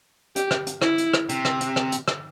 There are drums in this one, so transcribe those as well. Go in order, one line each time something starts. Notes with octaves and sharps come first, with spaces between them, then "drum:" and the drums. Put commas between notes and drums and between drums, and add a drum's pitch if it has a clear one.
G4, drum: hi-hat
drum: rim click
drum: hi-hat
E4, drum: rim click
drum: hi-hat
drum: rim click
C3, drum: hi-hat
drum: rim click
drum: hi-hat
drum: rim click
drum: hi-hat
drum: rim click